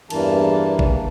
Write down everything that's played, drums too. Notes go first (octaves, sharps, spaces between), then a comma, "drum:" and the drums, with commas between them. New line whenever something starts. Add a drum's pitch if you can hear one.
E2 G2 E3 A#3 A5, drum: cymbal
drum: kick A1